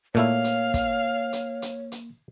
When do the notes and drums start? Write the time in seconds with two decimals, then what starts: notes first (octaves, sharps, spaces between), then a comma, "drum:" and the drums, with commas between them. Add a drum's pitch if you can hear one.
0.15 A#2 A3 A#3 E4 C#5 F5
0.44 drum: hi-hat
0.74 drum: kick, hi-hat
1.33 drum: hi-hat
1.62 drum: hi-hat
1.92 drum: hi-hat